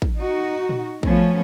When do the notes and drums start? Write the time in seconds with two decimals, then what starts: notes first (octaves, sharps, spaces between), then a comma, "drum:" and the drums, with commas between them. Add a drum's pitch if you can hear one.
0.02 drum: kick
0.17 D#4 F#4
0.69 drum: tom A#2
1.03 F3 A3 B3 C#4, drum: kick